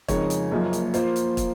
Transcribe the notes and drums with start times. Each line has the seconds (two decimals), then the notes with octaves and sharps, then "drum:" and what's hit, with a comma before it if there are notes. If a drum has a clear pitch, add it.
0.08 F2 C#3 G#3 D#4 A#4 C#5, drum: kick, hi-hat
0.30 drum: hi-hat
0.51 F#1 F#2 F3 A#3
0.73 drum: hi-hat
0.94 F3 A#3 F4 C5, drum: hi-hat
1.16 drum: hi-hat
1.37 drum: kick, hi-hat